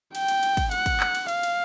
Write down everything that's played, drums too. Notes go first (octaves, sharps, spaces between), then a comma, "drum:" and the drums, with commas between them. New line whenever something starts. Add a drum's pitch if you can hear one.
G5, drum: cymbal
drum: cymbal
drum: cymbal
drum: kick, cymbal
F#5, drum: cymbal
drum: kick, cymbal
drum: clap
drum: cymbal
F5, drum: cymbal
drum: cymbal